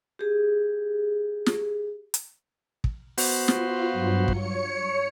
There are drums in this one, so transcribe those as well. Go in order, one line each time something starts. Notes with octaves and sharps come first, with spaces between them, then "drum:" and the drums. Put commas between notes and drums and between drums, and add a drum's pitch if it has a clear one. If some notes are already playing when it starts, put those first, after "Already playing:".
G4 G#4
drum: snare
drum: hi-hat
drum: kick
B3 F#4 C5, drum: open hi-hat
F4, drum: snare
G2 F#3
C#5 C#7, drum: kick